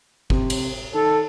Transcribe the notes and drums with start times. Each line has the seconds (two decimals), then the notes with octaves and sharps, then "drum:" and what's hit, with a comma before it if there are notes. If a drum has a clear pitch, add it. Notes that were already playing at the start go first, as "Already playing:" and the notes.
0.30 C3, drum: kick
0.50 drum: cymbal
0.94 D#3 A4